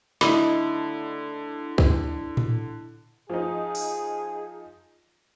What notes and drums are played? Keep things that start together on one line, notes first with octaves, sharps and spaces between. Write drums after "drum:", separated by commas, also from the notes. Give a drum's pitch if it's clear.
D3 A3 D#4 E4 B5, drum: snare
drum: kick
drum: tom A2
F3 D#4 G#4
drum: open hi-hat